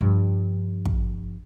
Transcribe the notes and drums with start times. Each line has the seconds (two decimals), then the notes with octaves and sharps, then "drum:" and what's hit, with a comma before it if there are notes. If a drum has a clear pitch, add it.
0.01 G2 F3
0.85 drum: kick